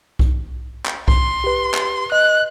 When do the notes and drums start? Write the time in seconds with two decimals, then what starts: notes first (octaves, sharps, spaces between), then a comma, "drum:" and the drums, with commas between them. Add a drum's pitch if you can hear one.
0.19 drum: kick B1
0.86 drum: clap
1.08 C6, drum: kick B1
1.44 G4 B4
1.74 drum: clap
2.12 D#5 F#6